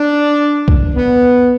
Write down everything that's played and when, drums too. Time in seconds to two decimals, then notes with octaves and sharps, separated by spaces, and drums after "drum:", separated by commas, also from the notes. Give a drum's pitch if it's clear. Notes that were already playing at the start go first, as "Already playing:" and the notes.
Already playing: D4
0.68 drum: kick
0.95 B3